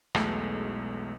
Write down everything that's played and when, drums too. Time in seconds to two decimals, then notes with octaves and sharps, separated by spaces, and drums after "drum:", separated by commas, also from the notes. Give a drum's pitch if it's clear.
0.15 B1 E2 B2 G#3 A3, drum: rim click